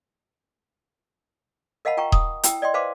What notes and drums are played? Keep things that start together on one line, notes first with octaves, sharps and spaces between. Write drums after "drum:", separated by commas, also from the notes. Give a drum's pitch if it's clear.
A#4 D#5 F5 F#5 A5 B5
F4 G5 A#5 C#6
D#6, drum: kick D#1
E4 G5 E6, drum: hi-hat
D5 D#5 G5 C6
B4 C5 F5 A5 C6 D6